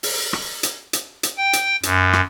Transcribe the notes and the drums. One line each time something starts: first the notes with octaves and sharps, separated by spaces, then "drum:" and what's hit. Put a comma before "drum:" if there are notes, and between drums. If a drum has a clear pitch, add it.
drum: open hi-hat
drum: rim click
drum: hi-hat
drum: hi-hat
drum: hi-hat
G5
drum: hi-hat
F#2, drum: hi-hat
drum: rim click